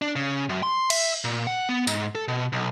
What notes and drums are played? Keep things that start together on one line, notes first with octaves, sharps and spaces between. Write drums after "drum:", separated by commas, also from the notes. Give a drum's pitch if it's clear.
D4
C#3
F#2
C6
E5, drum: cymbal
A#2
F#5
B3
G#2, drum: tambourine
A4
B2
B1